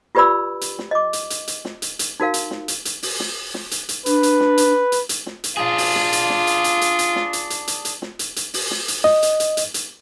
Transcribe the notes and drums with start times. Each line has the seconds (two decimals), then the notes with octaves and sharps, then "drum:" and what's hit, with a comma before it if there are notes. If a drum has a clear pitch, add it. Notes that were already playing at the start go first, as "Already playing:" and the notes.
0.15 F4 G4 B4 D5 B5 E6
0.61 drum: hi-hat
0.79 drum: snare
0.91 D#5 D6
1.13 drum: hi-hat
1.30 drum: hi-hat
1.48 drum: hi-hat
1.65 drum: snare
1.82 drum: hi-hat
1.99 drum: hi-hat
2.20 D#4 F#4 A#4 F5
2.34 drum: hi-hat
2.51 drum: snare
2.68 drum: hi-hat
2.85 drum: hi-hat
3.03 drum: open hi-hat
3.20 drum: snare
3.54 drum: snare
3.71 drum: hi-hat
3.89 drum: hi-hat
4.06 D4 B4, drum: hi-hat
4.23 drum: hi-hat
4.40 drum: snare
4.58 drum: hi-hat
4.92 drum: hi-hat
5.09 drum: hi-hat
5.26 drum: snare
5.44 drum: hi-hat
5.57 D4 F4 G#4
5.78 drum: open hi-hat
5.95 drum: snare
6.13 drum: hi-hat
6.30 drum: snare
6.47 drum: hi-hat
6.64 drum: hi-hat
6.81 drum: hi-hat
6.99 drum: hi-hat
7.16 drum: snare
7.33 drum: hi-hat
7.50 drum: hi-hat
7.68 drum: hi-hat
7.85 drum: hi-hat
8.02 drum: snare
8.19 drum: hi-hat
8.36 drum: hi-hat
8.54 drum: open hi-hat
8.71 drum: snare
8.88 drum: hi-hat
9.04 D#5, drum: snare
9.23 drum: hi-hat
9.40 drum: hi-hat
9.57 drum: hi-hat
9.74 drum: hi-hat